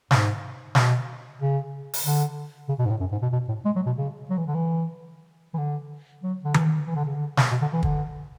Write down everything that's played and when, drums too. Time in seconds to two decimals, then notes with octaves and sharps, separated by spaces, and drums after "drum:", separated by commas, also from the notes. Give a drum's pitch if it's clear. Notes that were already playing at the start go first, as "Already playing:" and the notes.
0.11 G#2, drum: snare
0.75 B2, drum: snare
1.39 C#3
1.94 drum: open hi-hat
2.04 D3
2.68 C#3
2.78 B2
2.86 G#2
2.90 A2
3.00 F#2
3.12 G#2
3.22 B2
3.32 B2
3.48 A2
3.65 G#3
3.75 F#3
3.86 B2
3.97 C#3
4.29 F#3
4.37 E3
4.47 D3
4.54 E3
5.54 E3
5.58 D3
6.23 F#3
6.44 D3
6.54 E3, drum: tom D#3
6.87 E3
6.95 D3
7.05 C#3
7.14 D3
7.37 drum: snare
7.51 B2
7.61 D3
7.73 E3
7.83 D3, drum: kick